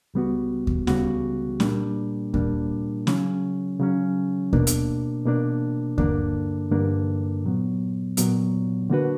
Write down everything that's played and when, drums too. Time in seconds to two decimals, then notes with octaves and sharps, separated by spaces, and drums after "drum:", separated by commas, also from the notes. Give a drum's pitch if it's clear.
0.14 C#2 C#3 G3 B3 F#4
0.67 drum: kick D#2
0.87 C#2 C#3 G3 B3 F#4, drum: snare C#4
1.60 A#2 G3 A#3 D4, drum: snare C#4
2.34 A#2 G3 A#3 D4, drum: kick D#2
3.07 C#3 F#3 C#4, drum: snare C#4
3.80 C#3 F#3 C#4
4.53 B2 A#3 D4, drum: kick D#2
4.67 drum: hi-hat
5.25 B2 A#3 D4
5.98 G2 D3 A#3 D4, drum: kick D#2
6.71 G2 D3 A#3 D4
7.45 A#2 F#3 B3
8.17 A#2 F#3 B3, drum: hi-hat
8.90 D3 A#3 D4 F#4 B4